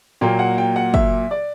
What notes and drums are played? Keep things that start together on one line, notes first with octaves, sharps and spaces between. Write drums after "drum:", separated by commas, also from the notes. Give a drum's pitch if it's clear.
A#2 F#3 A#3 G5
F#5
G5
F#5
E5, drum: kick
D5